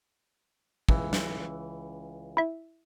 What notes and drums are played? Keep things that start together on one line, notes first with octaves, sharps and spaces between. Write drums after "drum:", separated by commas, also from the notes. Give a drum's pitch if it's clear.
C#2 E3, drum: kick
drum: snare
E4 E5